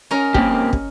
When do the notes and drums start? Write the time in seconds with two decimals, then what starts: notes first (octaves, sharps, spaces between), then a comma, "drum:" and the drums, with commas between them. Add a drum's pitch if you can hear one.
0.11 C#4 D#4 A#4
0.34 A#3 C4 G4, drum: kick
0.73 drum: kick